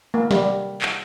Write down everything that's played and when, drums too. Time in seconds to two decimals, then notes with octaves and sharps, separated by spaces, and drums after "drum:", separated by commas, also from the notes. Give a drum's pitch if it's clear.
0.14 A#3
0.31 G3, drum: snare
0.82 drum: clap